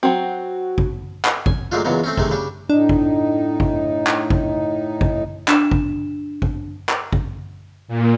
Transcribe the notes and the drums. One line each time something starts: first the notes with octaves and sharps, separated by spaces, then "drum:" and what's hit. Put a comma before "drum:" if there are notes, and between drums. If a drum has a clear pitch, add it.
F#3 C4 F#4
drum: kick G#1
drum: clap
G#5, drum: kick G#1
A#2 F#3 G#3 A3 D4 F4
E2 A#2 C#3 F#3 G#3 B3
A3 C4 C#4
C3 D#3 G#3 A3, drum: kick G#1
C#3 G3 D4
A2 D4 D#4
drum: kick G#1
drum: kick G#1
drum: clap
drum: kick G#1
drum: kick G#1
D4 E7, drum: clap
drum: kick G#1
drum: kick G#1
drum: clap
drum: kick G#1
A#2